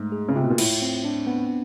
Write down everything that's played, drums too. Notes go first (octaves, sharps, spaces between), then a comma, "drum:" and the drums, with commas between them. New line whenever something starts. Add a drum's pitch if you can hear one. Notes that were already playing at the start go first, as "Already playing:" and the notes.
Already playing: G#2 A3
G#4
C#3
C3 F4
B2
A#2
A2 E4, drum: cymbal
C4
D4
B3